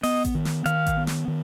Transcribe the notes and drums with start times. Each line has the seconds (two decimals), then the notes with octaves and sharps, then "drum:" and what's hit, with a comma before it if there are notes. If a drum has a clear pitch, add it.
0.03 B3 D#5, drum: open hi-hat
0.25 drum: kick A1, hi-hat
0.35 D#3
0.45 drum: snare
0.66 D#3 F5, drum: hi-hat
0.86 drum: kick A1, hi-hat
0.97 B3
1.07 drum: snare
1.28 D#3